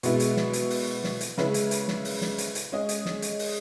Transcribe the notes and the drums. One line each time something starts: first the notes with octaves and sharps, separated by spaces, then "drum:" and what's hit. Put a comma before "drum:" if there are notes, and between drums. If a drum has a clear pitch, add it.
B2 G#3 B3 E4, drum: hi-hat
drum: hi-hat
drum: snare
drum: hi-hat
drum: open hi-hat
drum: snare
drum: hi-hat
C#3 G#3 C#4 E4 B4, drum: snare
drum: hi-hat
drum: hi-hat
drum: snare
drum: open hi-hat
drum: snare
drum: hi-hat
drum: hi-hat
G#3 C#4 G#4 D#5
drum: hi-hat
drum: snare
drum: hi-hat
drum: open hi-hat